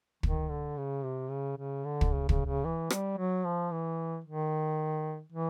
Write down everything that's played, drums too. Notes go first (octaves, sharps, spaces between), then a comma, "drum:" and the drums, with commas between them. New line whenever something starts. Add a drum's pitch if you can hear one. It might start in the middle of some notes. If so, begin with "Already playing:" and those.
D#3, drum: kick
D3
C#3
C3
C#3
C#3
D3
drum: kick
C#3
C#3, drum: kick
C#3
E3
G3, drum: rim click
F#3
F3
E3
D#3
E3